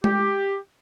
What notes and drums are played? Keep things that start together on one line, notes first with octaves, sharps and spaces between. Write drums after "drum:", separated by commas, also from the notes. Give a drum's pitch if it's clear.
G4, drum: tom G#3